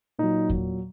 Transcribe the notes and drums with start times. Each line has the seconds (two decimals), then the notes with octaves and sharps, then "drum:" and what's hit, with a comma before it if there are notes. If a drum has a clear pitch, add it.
0.19 A#2 F#3 D#4
0.50 drum: kick E2